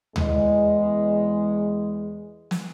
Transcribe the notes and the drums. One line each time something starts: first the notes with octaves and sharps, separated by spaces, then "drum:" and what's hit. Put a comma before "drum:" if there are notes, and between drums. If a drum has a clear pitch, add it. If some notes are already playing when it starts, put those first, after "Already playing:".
E2 G#3, drum: tom D2
drum: snare